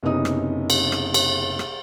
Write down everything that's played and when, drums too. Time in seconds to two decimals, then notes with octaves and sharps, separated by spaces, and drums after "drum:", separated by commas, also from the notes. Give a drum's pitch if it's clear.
0.03 F#1 C3 B3 C#4 D#4 D#6
0.25 drum: rim click
0.70 drum: cymbal
0.92 drum: rim click
1.14 drum: cymbal
1.59 drum: rim click